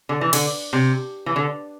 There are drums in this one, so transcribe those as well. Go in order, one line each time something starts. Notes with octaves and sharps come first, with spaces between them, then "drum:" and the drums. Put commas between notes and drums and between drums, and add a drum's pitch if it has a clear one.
D3
E3
D3, drum: cymbal
C3
E3
D3